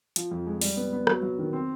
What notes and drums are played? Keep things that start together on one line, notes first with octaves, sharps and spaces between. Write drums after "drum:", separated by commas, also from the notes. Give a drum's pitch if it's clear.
F3, drum: hi-hat
F2
G#3
G3, drum: open hi-hat
B3
B3
F#3, drum: rim click
F#3
D#3
C4